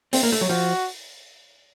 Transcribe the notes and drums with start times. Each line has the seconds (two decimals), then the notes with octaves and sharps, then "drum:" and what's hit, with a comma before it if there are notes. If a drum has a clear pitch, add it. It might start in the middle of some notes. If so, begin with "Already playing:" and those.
0.13 C4, drum: open hi-hat
0.23 A#3
0.32 A3
0.41 F#3
0.49 F3 F#4